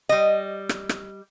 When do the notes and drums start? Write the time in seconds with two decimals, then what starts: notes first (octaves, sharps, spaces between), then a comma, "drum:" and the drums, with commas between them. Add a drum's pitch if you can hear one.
0.09 G3 D#5
0.69 drum: rim click
0.89 drum: rim click